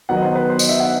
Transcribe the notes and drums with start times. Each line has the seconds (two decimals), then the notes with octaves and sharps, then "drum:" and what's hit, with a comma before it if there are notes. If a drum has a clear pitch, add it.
0.09 D#3 F#3 B3 D#4 F#5
0.17 D#5
0.22 C5
0.35 B4
0.50 C5
0.59 D#5, drum: tambourine
0.69 E5
0.80 F#5